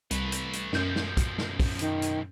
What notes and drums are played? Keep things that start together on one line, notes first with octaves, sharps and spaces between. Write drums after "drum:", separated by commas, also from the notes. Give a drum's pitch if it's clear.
C2 A3 B4, drum: hi-hat
drum: hi-hat
drum: hi-hat
B1 F#2 F3 G6, drum: snare
drum: snare
drum: kick, hi-hat
drum: snare
drum: kick, open hi-hat
D#3, drum: hi-hat
drum: hi-hat